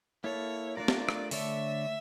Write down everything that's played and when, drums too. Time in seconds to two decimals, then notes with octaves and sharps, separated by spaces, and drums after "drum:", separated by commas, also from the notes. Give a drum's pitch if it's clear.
0.24 A#3 E4 A4 C#5
0.77 A3 D4 F4 A#4 D5
0.88 drum: snare
1.09 drum: rim click
1.31 D3 A3 D4 A4 C#5 E5, drum: open hi-hat